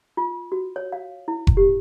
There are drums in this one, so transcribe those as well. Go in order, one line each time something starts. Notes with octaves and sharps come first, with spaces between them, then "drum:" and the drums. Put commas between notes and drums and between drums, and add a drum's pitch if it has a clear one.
F4
F#4
C#5
F5
E4
drum: kick F1
G4